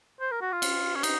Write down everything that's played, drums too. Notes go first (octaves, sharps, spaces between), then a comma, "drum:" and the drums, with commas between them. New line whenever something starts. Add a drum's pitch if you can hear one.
C5
A#4
F#4
F4
drum: cymbal
C#4
D#4, drum: cymbal